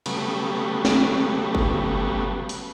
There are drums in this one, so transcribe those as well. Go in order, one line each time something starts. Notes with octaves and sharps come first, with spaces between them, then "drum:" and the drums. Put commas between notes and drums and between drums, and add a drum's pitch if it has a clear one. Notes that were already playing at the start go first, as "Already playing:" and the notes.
C#3 F#3 G3 A3 B3, drum: cymbal
drum: snare
drum: kick G1
drum: open hi-hat